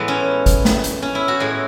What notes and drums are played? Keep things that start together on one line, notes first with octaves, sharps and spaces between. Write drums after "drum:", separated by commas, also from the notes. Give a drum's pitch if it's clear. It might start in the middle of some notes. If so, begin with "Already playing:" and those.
Already playing: A2 E3 G#3 B3
C#4
drum: kick G#1, hi-hat
drum: snare
drum: hi-hat
C#4
E4
F#4
A2 G#3 G#4